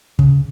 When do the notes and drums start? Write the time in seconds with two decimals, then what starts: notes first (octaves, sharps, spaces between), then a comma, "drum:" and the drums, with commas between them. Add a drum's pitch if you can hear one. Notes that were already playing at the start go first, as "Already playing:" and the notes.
0.19 C#3, drum: kick